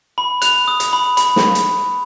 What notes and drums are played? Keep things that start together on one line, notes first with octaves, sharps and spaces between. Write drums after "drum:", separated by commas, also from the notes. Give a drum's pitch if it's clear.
B5
F#6 F7, drum: hi-hat
D#6
drum: hi-hat
B5
B5, drum: hi-hat
drum: snare
drum: hi-hat